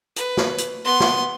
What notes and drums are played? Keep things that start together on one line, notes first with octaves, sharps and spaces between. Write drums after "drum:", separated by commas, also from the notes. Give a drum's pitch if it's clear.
B4, drum: hi-hat
drum: snare
drum: hi-hat
B3 C6
drum: snare